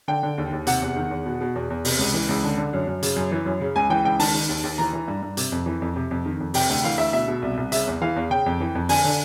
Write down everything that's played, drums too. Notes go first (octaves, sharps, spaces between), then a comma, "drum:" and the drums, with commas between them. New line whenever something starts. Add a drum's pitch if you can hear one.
D3 G5
D3
D#2
D#2
C3 F#5, drum: hi-hat
E2
D#3
E2
B2
B2
E2
E2
C3, drum: open hi-hat
C#2
E3
C#2
D3
D3
F#2
F#2
C#3, drum: hi-hat
F#2
E3
F#2
C#3
C#2 G#5
E3 G5
C#2 G5
D#3 A5, drum: open hi-hat
D#3
D#2
D#2
E3 A#5
E3
G2
G2
C3, drum: hi-hat
F2
E3
F2
C3
F2
D#3
F2
C3 G5, drum: open hi-hat
D2 G5
E3 F5
D2 E5
B2 E5
B2
C2
C2
C#3 E5, drum: hi-hat
E2
E3 F5
E2
C#3 G5
F2
E3
F2
D3 G#5, drum: open hi-hat
D3